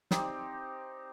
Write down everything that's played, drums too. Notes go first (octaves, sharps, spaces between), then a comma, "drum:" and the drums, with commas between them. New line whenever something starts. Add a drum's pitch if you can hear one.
C4 D#4 G4 D5, drum: snare